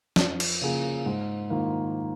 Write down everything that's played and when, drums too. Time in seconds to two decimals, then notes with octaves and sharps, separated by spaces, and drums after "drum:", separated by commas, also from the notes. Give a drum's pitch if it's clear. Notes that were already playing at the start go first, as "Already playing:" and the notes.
0.16 F2, drum: snare
0.40 drum: cymbal
0.61 C#3 A#3 F4 G#4
1.06 G#2
1.50 D#3 A#3 F4